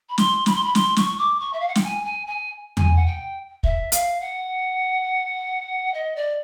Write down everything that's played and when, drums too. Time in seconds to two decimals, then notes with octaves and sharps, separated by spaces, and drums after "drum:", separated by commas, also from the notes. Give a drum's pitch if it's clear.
0.09 B5
0.18 C6, drum: snare
0.46 B5, drum: snare
0.55 C6
0.63 B5
0.75 C6, drum: snare
0.96 C#6, drum: snare
1.18 D6
1.39 C#6
1.53 E5
1.60 F5
1.68 F#5
1.75 G5, drum: snare
1.83 G#5
2.04 G#5
2.26 G#5
2.77 G#5, drum: tom E2
2.95 F#5
3.06 G5
3.63 E5, drum: kick
3.92 F5, drum: hi-hat
4.20 F#5
5.94 D#5
6.16 D5